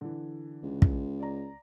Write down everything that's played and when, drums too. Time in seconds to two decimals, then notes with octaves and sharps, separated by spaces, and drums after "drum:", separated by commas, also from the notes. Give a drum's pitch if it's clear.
0.01 D3 E3
0.63 C#2
0.82 drum: kick
1.20 D5 A#5